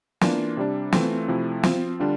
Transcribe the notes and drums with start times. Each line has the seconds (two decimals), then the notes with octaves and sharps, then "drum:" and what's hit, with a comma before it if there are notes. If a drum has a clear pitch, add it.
0.21 E3 A#3 D4 F4, drum: snare
0.57 C3 G3 D4
0.92 E3 A3 C4 F4, drum: snare
1.28 C3 F3 A3 E4
1.63 F3 C4 F4, drum: snare
2.00 D3 G3 D4 F4